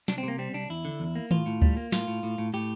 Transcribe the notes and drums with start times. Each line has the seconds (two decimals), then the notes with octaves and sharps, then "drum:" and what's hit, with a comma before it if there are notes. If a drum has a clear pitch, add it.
0.08 C2 D4, drum: snare
0.18 C4
0.23 C3 A#3
0.39 G3 C4
0.54 C2 D4
0.69 E2 E4
0.85 D3
1.00 E2
1.15 A#3
1.31 A2 F4, drum: tom D#3
1.46 A2
1.62 G3, drum: kick D2
1.77 A#3
1.92 A2 F4, drum: snare
2.07 A2
2.23 A2
2.38 A2
2.54 A2 G4